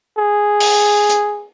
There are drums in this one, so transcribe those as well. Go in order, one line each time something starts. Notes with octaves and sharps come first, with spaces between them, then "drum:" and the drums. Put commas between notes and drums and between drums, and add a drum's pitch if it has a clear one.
G#4
drum: open hi-hat
drum: hi-hat